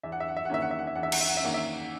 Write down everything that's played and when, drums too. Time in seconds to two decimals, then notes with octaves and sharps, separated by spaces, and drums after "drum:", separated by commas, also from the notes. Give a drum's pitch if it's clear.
0.03 E2 E5
0.12 F#5
0.20 E5
0.28 F#5
0.37 E5
0.45 F#5
0.50 D#3 A#3 C#4 E5
0.62 F#5
0.71 E5
0.79 F#5
0.87 E5
0.95 E2 F#5
1.03 E5
1.12 F#5, drum: cymbal
1.21 E5
1.28 F#5
1.37 E5
1.42 D#3 A#3 C#4 F#5
1.54 E5